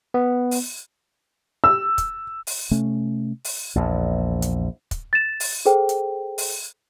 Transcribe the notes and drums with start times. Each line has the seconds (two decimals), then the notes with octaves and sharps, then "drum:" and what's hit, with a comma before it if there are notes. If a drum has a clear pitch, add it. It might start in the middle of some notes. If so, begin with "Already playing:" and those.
0.14 B3
0.51 drum: open hi-hat
1.64 E6
1.98 drum: kick, hi-hat
2.47 drum: open hi-hat
2.71 C3 A3 C#4
3.44 drum: open hi-hat
3.75 A#1 E2
4.42 drum: hi-hat
4.91 drum: kick, hi-hat
5.13 A6 E7
5.40 drum: open hi-hat
5.65 G#4 A4 C5 G5
5.89 drum: hi-hat
6.38 drum: open hi-hat